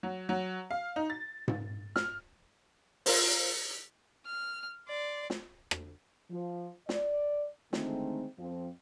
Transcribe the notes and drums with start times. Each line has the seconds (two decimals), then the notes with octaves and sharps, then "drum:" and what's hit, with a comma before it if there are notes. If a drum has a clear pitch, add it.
0.03 F#3
0.29 F#3
0.71 F5
0.96 D#4
1.10 A6
1.48 drum: tom G#2
1.96 F6, drum: snare
3.06 F4 A#4 C5, drum: open hi-hat
4.26 F6
4.88 D5 C6
5.30 drum: snare
5.71 drum: rim click
6.31 F3
6.89 D5, drum: snare
7.73 D3 D#3 G#3 A3 C4, drum: snare
8.38 F2 F3 C4